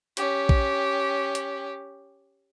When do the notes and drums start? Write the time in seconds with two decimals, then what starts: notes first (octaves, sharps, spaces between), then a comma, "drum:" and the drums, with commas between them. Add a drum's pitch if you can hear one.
0.17 C#4 G4, drum: hi-hat
0.49 drum: kick A#1
1.35 drum: hi-hat